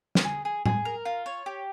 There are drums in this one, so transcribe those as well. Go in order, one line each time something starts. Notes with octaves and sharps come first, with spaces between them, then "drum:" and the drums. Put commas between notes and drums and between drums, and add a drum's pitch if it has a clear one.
drum: snare
G#4
G#4
G#4, drum: tom A2
A#4
F4
C#5
G4